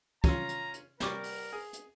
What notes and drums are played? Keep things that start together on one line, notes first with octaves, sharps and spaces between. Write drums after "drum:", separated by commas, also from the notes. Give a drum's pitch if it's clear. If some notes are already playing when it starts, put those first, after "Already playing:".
C#4 F4 A#5, drum: kick, hi-hat
drum: hi-hat
drum: hi-hat
G3 A#4 C#6 D6, drum: snare
drum: open hi-hat
G#4
drum: hi-hat